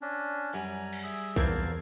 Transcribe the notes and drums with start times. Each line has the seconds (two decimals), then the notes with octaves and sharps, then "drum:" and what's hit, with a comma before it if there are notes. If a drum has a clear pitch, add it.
0.02 C#4 D4
0.54 F#2 G3 G#5 A#5
0.93 drum: cymbal
1.03 G#4 E5
1.36 A#1 E2 E3 C4 A#4 F5 A5 G#6, drum: kick B1